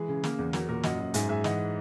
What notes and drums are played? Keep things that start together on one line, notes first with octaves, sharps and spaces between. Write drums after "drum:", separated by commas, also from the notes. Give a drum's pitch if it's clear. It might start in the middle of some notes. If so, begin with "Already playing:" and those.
Already playing: E3 G#3 G#4
C#3
A#3, drum: snare
E2
F#3 F#4 A#4, drum: snare
A#2 F#4 A#4
F#2 D#5 F#5, drum: snare
F#2
G#2 E5 G#5, drum: hi-hat
G#2 E5 G#5
E3 D#5 F#5, drum: snare